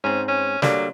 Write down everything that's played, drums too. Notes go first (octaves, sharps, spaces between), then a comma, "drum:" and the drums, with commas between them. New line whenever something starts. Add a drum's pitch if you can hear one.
G#2 C4 C#4
C#4
D3 F#3 G3 A#3, drum: snare